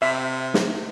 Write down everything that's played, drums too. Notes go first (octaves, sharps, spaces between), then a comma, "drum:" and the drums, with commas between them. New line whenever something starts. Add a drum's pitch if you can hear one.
C3 E5
drum: snare